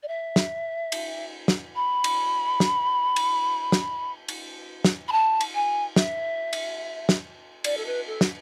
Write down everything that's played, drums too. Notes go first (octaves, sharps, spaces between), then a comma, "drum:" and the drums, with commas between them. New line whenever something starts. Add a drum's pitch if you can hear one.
D5
E5
drum: snare
drum: cymbal
drum: snare
B5
drum: cymbal
drum: snare
drum: cymbal
drum: snare
drum: cymbal
drum: snare
B5
A5
drum: cymbal
G#5
E5, drum: snare
drum: cymbal
drum: snare
D5, drum: cymbal
A4
B4
A4
drum: snare